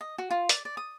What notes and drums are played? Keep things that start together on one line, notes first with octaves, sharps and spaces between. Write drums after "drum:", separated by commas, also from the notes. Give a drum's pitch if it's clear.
D#5
F#4
F4
D5, drum: hi-hat
D5
D#6